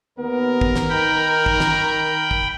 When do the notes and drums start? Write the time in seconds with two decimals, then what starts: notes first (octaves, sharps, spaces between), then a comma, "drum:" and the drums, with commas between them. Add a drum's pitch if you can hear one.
0.19 D#2 B3 A#4
0.61 drum: kick
0.76 drum: snare
0.90 D#3 G5 B5
1.46 drum: kick
1.60 drum: snare
2.31 drum: kick